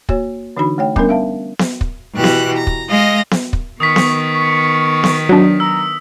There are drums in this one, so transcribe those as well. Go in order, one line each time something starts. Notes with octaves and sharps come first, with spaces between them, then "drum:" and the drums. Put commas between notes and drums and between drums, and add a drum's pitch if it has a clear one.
A#3 F#4 C#5, drum: kick
D3 E3 D4 D#4 F#4 B5
A3 C#5 G5
G3 B3 C#4 D4 A#4, drum: kick
E5 F5 A5
drum: snare B3
drum: kick
B2 E3 F#4 G4 F#6
drum: snare B3
A#5
drum: kick
G#3 D#5 F5 A#6
drum: snare B3
drum: kick
D#3 B3 C#6 D#6 B6
drum: snare B3
C#6
drum: snare B3
F#3 D4 D#4
A#5 E6